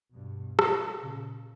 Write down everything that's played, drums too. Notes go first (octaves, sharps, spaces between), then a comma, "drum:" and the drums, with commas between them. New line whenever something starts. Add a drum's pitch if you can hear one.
G2 B2
drum: rim click
A#2 C#3